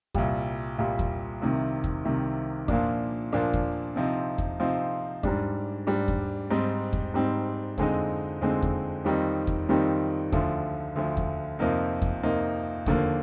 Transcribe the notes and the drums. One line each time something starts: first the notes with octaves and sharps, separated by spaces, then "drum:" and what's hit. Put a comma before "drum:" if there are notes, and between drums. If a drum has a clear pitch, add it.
C2 A#2 G3, drum: kick E2
C2 A#2 G3
drum: kick E2
C2 C3 D#3
drum: kick E2
C2 C3 D#3
A#2 F3 A#3 D4, drum: kick E2
A#2 F3 A#3 D4
drum: kick E2
C3 F3 C4 D#4
drum: kick E2
C3 F3 C4 D#4
G#2 G3 D4, drum: kick E2
G#2 G3 D4
drum: kick E2
G#2 G3 C4 D#4
drum: kick E2
G#2 G3 C4 D#4
F2 D3 G#3 C4 D#4, drum: kick E2
F2 D3 G#3 C4 D#4
drum: kick E2
F2 D#3 G3 C4 D#4
drum: kick E2
F2 D#3 G3 C4 D#4
D2 D3 F3, drum: kick E2
D2 D3 F3
drum: kick E2
F2 C3 F3 A#3 D#4
drum: kick E2
F2 C3 F3 A#3 D#4
D#2 D3 F3 A#3, drum: kick E2